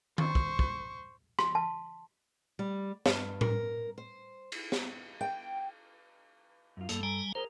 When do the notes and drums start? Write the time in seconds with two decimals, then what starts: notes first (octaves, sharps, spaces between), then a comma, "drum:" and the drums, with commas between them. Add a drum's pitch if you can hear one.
0.18 C5 C#6, drum: tom D#3
0.35 drum: kick
0.59 drum: kick
1.39 C6, drum: rim click
1.55 A5
2.59 G3
3.06 G2, drum: snare
3.41 A#4, drum: tom A2
3.98 C5
4.52 drum: cymbal
4.72 drum: snare
5.21 G5
6.77 F#2 F4
6.89 G2 A#3 A4, drum: hi-hat
7.03 G3 G#5 A#5
7.35 G#4 A#4 C5 A#5